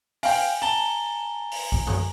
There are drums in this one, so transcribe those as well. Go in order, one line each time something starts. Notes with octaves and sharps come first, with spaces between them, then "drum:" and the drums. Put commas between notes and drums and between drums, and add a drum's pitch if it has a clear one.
F5 G5 G#5, drum: open hi-hat
A5 A#5 G7
drum: open hi-hat
drum: kick B1
drum: tom